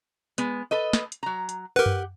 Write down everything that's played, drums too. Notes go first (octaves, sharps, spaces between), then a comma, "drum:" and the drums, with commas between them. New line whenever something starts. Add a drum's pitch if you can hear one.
G#3 B3, drum: hi-hat
A4 B4 D#5
drum: snare
drum: hi-hat
F#3 A#5
drum: hi-hat
G4 A#4 B4 F#5
drum: tom F#2